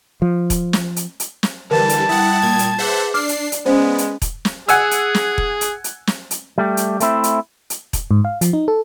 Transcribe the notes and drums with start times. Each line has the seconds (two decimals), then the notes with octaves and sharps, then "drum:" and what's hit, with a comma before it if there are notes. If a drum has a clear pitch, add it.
0.22 F3
0.50 drum: kick E1, hi-hat
0.73 drum: snare
0.96 drum: hi-hat
1.20 drum: hi-hat
1.43 drum: snare
1.71 D3 E3 G3 A#4 B4 A5
1.89 drum: hi-hat
2.09 G3 E4 F#5 G5 D#6
2.42 A#2 G#6
2.59 drum: hi-hat
2.78 G#4 B4 C5 E5 F#5 D6
3.14 D4 D5 D6 F6 C7
3.29 drum: hi-hat
3.52 drum: hi-hat
3.66 G#3 B3 C#4 C5
3.98 drum: hi-hat
4.22 drum: kick E1, hi-hat
4.45 drum: snare
4.68 G#4 F#5 G#5 E6, drum: hi-hat
4.91 drum: hi-hat
5.15 drum: snare
5.38 drum: kick E1
5.61 drum: hi-hat
5.84 drum: hi-hat
6.07 drum: snare
6.31 drum: hi-hat
6.58 G3 A3 G4
6.77 drum: hi-hat
7.00 A3 C4 E4, drum: hi-hat
7.24 drum: hi-hat
7.70 drum: hi-hat
7.93 drum: kick E1, hi-hat
8.11 G#2
8.25 F5
8.41 F3, drum: hi-hat
8.53 D#4
8.68 A4